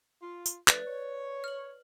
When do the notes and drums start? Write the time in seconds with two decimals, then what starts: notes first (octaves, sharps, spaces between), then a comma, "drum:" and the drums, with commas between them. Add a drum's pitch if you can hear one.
0.22 F4
0.46 drum: tambourine
0.68 F3 A3 D4 B4 D5, drum: clap
0.86 C#5
1.44 F6 F#7